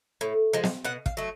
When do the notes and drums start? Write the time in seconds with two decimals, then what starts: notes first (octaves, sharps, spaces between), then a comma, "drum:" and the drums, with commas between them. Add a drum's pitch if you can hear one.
0.21 A2
0.53 F3 G#3
0.63 drum: snare
0.84 B2 F#5
1.06 F5, drum: kick
1.17 F#3 A3